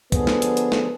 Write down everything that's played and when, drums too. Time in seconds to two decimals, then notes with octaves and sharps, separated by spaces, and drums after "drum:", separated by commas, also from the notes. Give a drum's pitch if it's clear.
0.12 D3 F3 B3 G#4, drum: kick, hi-hat
0.27 drum: snare
0.42 drum: hi-hat
0.57 drum: hi-hat
0.72 drum: snare